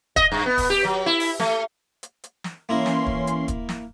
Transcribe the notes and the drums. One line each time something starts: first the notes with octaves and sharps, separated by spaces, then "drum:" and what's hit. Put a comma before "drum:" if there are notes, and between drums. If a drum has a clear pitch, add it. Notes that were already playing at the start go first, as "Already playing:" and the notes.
D#5, drum: kick, hi-hat
G2
B3
drum: kick, open hi-hat
G4
F#3
E4
drum: open hi-hat
A3, drum: snare
drum: hi-hat
drum: hi-hat
drum: snare
E3 A#3 C#4 E4 A#4 C6
drum: snare
drum: kick
drum: hi-hat
drum: kick, hi-hat
drum: snare